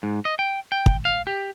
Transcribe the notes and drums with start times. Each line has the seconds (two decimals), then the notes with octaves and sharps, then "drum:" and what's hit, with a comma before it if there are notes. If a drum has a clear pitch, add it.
0.03 G#2
0.25 D#5
0.39 G5
0.72 G5
0.86 drum: kick
1.05 F5
1.27 G4